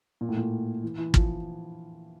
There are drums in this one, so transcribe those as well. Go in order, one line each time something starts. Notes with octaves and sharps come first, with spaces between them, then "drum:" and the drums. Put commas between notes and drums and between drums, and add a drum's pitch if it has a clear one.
A#2
A2
A#2
E3
E3
F3, drum: kick